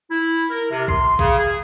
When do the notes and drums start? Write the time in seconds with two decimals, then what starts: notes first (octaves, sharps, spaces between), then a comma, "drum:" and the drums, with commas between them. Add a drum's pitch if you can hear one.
0.11 E4
0.51 A#4
0.72 C3
0.88 C6, drum: kick A1
1.19 C#3, drum: kick A1
1.38 G#4